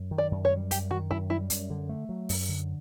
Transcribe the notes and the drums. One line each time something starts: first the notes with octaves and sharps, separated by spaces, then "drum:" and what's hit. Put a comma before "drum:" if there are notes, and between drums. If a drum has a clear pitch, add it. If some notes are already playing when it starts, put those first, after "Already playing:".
Already playing: F#2
D#3
D5
F#2
C#5
G3
F#2 G4, drum: hi-hat
D#3 F#4
F#2 E4
G3 E4
F#2, drum: hi-hat
D3
A3
F#3
F#2, drum: open hi-hat
D3